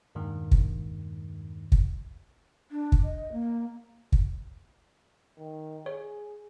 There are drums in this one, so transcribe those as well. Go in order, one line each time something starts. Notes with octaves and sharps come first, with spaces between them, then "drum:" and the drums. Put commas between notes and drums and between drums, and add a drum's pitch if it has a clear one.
E2 G2 A#2 D#3 G#3
drum: kick
drum: kick
D4
drum: kick
D#5
A#3
drum: kick
D#3
G#4 C#5